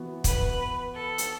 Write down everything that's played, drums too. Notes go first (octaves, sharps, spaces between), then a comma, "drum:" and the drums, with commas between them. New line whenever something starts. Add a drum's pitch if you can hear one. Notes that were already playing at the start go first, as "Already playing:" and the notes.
Already playing: E3 B3 F#4
B4, drum: kick, hi-hat
A4
drum: hi-hat